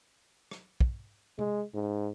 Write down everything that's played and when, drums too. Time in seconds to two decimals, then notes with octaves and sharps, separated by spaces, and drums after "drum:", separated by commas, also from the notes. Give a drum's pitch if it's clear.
0.51 drum: rim click
0.81 drum: kick
1.39 G#3, drum: tom
1.74 G#2